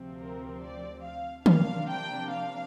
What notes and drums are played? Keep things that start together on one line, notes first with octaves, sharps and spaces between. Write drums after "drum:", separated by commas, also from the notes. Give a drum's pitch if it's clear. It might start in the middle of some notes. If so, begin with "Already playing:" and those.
Already playing: D2 C3 F3 C4
A#4
D5
F5
C3 F3 A#3 D4 F5, drum: tom D#3
G5
F5